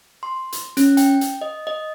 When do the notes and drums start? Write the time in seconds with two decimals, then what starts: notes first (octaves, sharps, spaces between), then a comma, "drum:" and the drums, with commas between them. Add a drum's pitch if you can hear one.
0.23 C6
0.52 drum: hi-hat
0.77 C#4, drum: hi-hat
0.97 G5, drum: hi-hat
1.21 drum: hi-hat
1.41 D#5
1.67 D#5